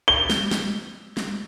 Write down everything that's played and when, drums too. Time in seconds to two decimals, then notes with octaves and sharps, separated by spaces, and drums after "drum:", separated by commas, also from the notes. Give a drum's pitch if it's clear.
0.08 G7
0.30 drum: snare
0.51 drum: snare
1.17 drum: snare